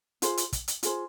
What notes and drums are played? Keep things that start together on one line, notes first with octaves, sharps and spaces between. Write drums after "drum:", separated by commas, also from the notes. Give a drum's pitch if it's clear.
F4 G#4 C5, drum: hi-hat
drum: hi-hat
drum: kick, hi-hat
drum: hi-hat
F4 G#4 C5, drum: hi-hat